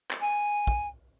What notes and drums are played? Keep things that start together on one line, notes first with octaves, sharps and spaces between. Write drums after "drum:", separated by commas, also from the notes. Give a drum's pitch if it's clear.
drum: clap
G#5
drum: kick